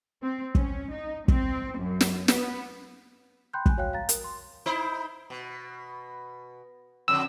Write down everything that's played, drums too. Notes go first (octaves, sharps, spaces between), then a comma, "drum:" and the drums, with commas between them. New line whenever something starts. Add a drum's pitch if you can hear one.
C4
C#4, drum: kick
D#4
C4, drum: kick
F#2
drum: snare
B3, drum: snare
G5 B5 C6 F#6 G6
G#5 F#6, drum: kick
F#4 C#5 F5 G5 F#6
F5 A#5 A6
A#4, drum: hi-hat
C6
D#4 E4 C5
B2
F2 D3 E6